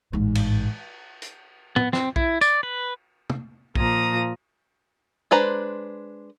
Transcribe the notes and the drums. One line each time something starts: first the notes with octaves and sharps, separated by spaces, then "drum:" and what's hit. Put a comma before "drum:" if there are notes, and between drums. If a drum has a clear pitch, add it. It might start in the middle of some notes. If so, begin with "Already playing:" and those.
A1 G#2
drum: cymbal
drum: hi-hat
B3, drum: tom A2
C4, drum: snare
E4, drum: kick B1
D5, drum: tambourine
B4
drum: tom
A#2 F3 A#5 D#6, drum: kick B1
G#3 D4 B4 C5 A#5